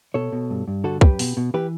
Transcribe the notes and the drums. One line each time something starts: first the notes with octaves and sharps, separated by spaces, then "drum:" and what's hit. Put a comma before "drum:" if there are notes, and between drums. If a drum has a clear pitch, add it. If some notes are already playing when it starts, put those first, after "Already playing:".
B2 A4 C#5
B2
G2
G2
D3 F#4 A4
F#2 G4 B4, drum: kick
B2, drum: open hi-hat
B2
E3 G4 B4